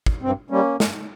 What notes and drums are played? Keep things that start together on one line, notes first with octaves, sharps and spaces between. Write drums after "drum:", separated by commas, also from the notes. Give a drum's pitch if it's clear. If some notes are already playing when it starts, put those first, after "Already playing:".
drum: kick
G2 C4
G3 A#3 C#4
G2, drum: snare